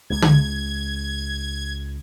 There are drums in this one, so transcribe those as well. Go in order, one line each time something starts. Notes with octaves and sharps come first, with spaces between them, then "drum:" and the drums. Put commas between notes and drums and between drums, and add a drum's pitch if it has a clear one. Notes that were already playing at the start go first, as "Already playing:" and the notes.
C#2 G#6
drum: tom